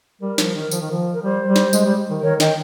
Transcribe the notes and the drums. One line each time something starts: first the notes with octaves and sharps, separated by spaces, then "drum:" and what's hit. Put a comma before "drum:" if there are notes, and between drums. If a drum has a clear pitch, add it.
G3 A#4
F3, drum: snare
D#3
F3, drum: tambourine
D#3
F3
A#4
G3 C5
G3
drum: snare
G#3, drum: tambourine
G3
D#3
D#3 A#4 C#5
D#3 D#5 G5, drum: snare